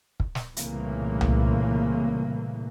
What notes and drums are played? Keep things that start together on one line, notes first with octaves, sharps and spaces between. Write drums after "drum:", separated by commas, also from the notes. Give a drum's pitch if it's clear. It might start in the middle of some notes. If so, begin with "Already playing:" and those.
drum: kick
drum: snare
C2 A#2 C#3 E3 A3 A#3, drum: hi-hat
drum: tom C2